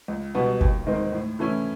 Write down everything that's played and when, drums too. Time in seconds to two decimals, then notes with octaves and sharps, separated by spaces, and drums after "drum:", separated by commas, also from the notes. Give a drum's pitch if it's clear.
0.08 C#2
0.35 B2 G3 B3
0.61 D#2, drum: kick G1
0.87 D#3 G#3 C4 D#4
1.13 A2
1.39 E3 A3 C#4 E4